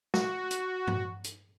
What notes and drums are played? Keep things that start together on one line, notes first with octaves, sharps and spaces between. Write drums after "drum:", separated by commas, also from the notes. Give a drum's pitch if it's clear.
F#4, drum: snare
drum: hi-hat
drum: tom G2
drum: hi-hat